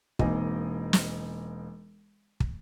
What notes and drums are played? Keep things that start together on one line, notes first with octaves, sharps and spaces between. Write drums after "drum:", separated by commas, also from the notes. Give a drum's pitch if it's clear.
E1 A#3 C4 D#4 D#5 G#5, drum: kick
drum: snare
drum: kick